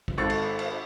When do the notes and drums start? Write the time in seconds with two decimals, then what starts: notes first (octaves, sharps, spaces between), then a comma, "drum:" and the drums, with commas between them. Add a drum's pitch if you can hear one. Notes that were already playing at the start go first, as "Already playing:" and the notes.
0.08 drum: kick
0.18 G#1 A4 C#6 A6
0.30 drum: cymbal
0.59 drum: cymbal